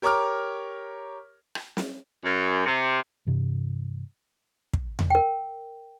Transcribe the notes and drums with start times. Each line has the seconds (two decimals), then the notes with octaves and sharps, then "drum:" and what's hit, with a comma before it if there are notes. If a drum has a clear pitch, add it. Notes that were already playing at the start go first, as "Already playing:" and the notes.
0.02 G4 A#4 C#5 A#5 D6 F6
1.55 drum: rim click
1.77 drum: snare
2.24 F#2
2.66 C3
3.27 G2 C3 E3
4.73 drum: kick
4.99 drum: tom E2
5.10 A#4 G5